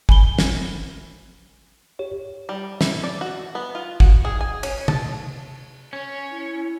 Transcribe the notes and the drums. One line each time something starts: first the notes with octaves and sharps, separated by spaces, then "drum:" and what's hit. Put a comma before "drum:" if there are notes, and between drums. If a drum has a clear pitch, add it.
G#5 B5 G7, drum: kick
drum: snare
G4 C#5
G3
E4, drum: snare
D5
F#4
B3
F4
F#4, drum: kick
G#4
G#5
C#4, drum: cymbal
A5, drum: tom C3
C#4 C#5
E4